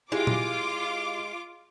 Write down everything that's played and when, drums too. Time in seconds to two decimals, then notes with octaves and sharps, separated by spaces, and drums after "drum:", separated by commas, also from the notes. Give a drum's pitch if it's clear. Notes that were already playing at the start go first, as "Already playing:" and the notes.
0.12 G#3 E4 F4 G4 D6
0.27 drum: tom A#2